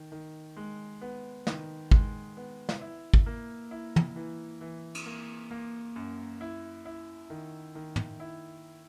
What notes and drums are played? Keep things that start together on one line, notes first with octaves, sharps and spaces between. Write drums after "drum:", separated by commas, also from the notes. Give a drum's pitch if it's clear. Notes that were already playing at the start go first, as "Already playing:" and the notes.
Already playing: D#3
D#3
G#3
B3
D#3, drum: snare
G#3, drum: kick G#1
B3
drum: snare
E4
drum: kick G#1
A#3
E4
drum: tom
E3
E3
drum: cymbal
A#3
A#3
F#2
E4
E4
D#3
D#3
drum: tom
E4